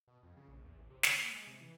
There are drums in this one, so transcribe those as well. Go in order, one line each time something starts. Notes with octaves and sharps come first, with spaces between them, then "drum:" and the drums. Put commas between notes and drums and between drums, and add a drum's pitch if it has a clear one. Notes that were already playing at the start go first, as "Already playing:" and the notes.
B2
F2
C#3
A#1
E2
A1
C3
D3, drum: snare
A#3
G#3
C3
E3